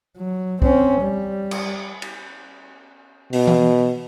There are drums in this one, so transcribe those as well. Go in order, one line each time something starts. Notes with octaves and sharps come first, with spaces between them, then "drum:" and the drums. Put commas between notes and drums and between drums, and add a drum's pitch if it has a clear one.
F#3
C4 C#4, drum: kick
G3
drum: cymbal
drum: cymbal
B2, drum: open hi-hat
drum: tom E3